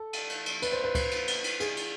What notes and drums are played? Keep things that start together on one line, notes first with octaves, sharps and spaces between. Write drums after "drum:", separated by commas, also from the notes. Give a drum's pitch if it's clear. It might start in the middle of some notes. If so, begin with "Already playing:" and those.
Already playing: A4
drum: cymbal
drum: cymbal
drum: cymbal
B4, drum: cymbal
C5
B4
drum: kick C#2, cymbal
drum: cymbal
drum: cymbal
drum: cymbal
G#4, drum: cymbal
drum: cymbal